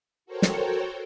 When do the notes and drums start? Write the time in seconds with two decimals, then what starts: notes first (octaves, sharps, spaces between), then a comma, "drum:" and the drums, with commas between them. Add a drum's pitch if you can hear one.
0.26 F#4 A4 A#4 C5 C#5 G5
0.42 drum: snare